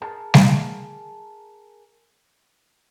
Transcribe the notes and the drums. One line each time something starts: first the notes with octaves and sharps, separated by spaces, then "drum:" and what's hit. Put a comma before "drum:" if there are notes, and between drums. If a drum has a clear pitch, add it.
G#4 A#4 A5
drum: snare G3